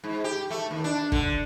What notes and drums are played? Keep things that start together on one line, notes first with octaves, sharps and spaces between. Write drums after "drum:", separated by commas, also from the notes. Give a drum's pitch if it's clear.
G#2
G4
A3
D#2
D4
D3, drum: kick